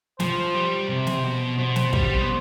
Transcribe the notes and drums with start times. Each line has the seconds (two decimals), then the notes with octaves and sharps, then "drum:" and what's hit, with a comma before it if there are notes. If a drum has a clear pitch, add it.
0.20 F3 C5, drum: snare
0.55 G3
0.89 C3
1.07 drum: snare
1.24 B2
1.58 B2 C5
1.76 drum: snare
1.93 G3, drum: kick
2.21 B3